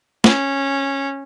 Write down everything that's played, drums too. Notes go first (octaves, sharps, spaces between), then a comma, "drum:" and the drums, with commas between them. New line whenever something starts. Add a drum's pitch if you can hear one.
C#4, drum: snare